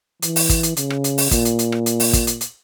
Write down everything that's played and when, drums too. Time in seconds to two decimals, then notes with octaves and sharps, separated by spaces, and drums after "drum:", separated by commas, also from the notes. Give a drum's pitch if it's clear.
0.22 E3, drum: hi-hat
0.36 drum: open hi-hat
0.49 drum: kick, hi-hat
0.63 drum: hi-hat
0.77 C#3, drum: hi-hat
0.90 drum: rim click
1.04 drum: hi-hat
1.18 drum: open hi-hat
1.31 A#2, drum: kick, hi-hat
1.45 drum: hi-hat
1.59 drum: hi-hat
1.72 drum: rim click
1.86 drum: hi-hat
2.00 drum: open hi-hat
2.13 drum: kick, hi-hat
2.27 drum: hi-hat
2.41 drum: hi-hat